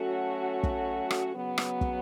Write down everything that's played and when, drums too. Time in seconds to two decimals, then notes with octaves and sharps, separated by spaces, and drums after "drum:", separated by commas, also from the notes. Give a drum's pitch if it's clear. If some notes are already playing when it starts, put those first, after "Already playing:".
Already playing: F#3 A3 C#4 F#4 A4
0.63 drum: kick
1.10 drum: rim click
1.34 C#3 F#3 B3
1.58 drum: rim click
1.81 drum: kick